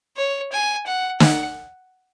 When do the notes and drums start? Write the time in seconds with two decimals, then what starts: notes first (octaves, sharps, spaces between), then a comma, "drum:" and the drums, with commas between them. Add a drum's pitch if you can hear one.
0.17 C#5
0.52 G#5
0.86 F#5
1.20 F#5, drum: snare